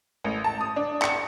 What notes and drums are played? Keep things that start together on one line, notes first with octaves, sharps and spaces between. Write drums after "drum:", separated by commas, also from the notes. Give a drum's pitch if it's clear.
A1
A5
D#6
D4
C#7, drum: clap